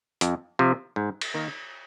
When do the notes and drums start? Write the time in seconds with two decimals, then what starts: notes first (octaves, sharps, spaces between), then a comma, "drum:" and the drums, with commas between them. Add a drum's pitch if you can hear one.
0.21 F2, drum: hi-hat
0.59 C3 F3
0.96 G#2
1.21 drum: cymbal
1.34 D#3 A#3